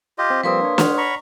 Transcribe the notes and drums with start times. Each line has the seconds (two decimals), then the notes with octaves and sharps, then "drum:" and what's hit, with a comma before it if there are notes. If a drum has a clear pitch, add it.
0.18 F4 G4 D#5
0.30 C4
0.44 F3 G3 A#3 C4 B4 C6 D#6
0.62 D4 C#5
0.78 C#5 F#5 F6, drum: snare
0.98 A#5 B5 C#6